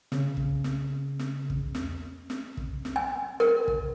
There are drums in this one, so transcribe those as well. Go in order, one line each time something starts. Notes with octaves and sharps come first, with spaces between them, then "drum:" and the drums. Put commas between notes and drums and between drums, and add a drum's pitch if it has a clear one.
C#3, drum: snare
drum: kick
drum: snare
drum: snare
E2, drum: kick
drum: snare
drum: snare
drum: kick
drum: snare
G#5
A#4, drum: snare
drum: kick